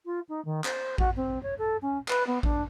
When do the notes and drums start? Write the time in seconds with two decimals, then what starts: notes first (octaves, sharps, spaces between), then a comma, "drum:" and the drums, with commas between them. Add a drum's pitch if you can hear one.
0.05 F4
0.28 D#4
0.45 D#3
0.64 C5, drum: clap
0.98 F#4, drum: kick A1
1.16 C4
1.43 C#5
1.58 A4
1.82 C#4
2.08 B4, drum: clap
2.26 B3
2.43 D4, drum: kick A1